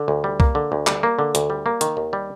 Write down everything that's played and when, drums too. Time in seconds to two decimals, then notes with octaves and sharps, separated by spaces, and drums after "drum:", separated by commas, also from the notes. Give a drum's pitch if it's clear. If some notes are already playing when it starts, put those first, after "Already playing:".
Already playing: D3
0.08 D2
0.24 G3
0.40 A#3, drum: kick C2
0.55 D3
0.72 D2
0.87 G3, drum: clap
1.03 A#3
1.19 D3
1.35 D2, drum: hi-hat
1.50 G3
1.66 A#3
1.81 D#3, drum: hi-hat
1.97 D#2
2.13 G3